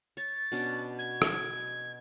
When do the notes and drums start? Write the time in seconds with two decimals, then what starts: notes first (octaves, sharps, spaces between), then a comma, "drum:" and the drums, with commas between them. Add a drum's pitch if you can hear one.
0.17 C#5 A6
0.52 B2 C#4 D4
0.98 G#6
1.22 drum: rim click